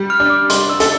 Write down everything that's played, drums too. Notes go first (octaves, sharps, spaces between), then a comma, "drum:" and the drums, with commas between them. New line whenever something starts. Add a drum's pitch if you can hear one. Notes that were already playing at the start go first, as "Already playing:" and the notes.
Already playing: G3
F6
D4
D6
G3 C6, drum: hi-hat
E6
A4, drum: hi-hat